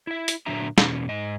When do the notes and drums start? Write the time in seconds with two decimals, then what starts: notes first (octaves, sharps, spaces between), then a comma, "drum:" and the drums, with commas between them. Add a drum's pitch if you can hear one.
0.07 E4 E5
0.28 drum: hi-hat
0.46 A#2 D3 F#3 D4 E5 A#5
0.78 E2 B2 C#4, drum: snare
1.09 G#2 D#5